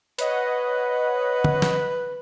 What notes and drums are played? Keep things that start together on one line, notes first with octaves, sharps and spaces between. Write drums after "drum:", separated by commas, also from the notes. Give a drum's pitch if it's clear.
B4 C#5 D#5 F#5, drum: hi-hat
drum: tom
drum: snare